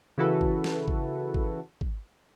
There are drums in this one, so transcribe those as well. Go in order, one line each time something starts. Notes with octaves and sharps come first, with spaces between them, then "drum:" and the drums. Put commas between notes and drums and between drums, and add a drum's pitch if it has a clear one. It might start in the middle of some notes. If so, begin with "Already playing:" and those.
C#3 E3 E4 F#4 A4 B4
drum: kick
drum: snare
drum: kick
drum: kick
drum: kick